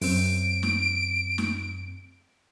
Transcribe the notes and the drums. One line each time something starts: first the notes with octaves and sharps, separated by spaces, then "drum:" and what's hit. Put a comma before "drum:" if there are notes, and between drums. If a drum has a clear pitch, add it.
F#2 C4 D7, drum: open hi-hat
drum: snare
drum: snare